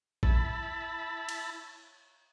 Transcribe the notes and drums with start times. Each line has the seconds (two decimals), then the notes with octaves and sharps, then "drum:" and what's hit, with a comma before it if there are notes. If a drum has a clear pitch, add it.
0.23 E4 A5 B5, drum: kick A#1
1.29 drum: cymbal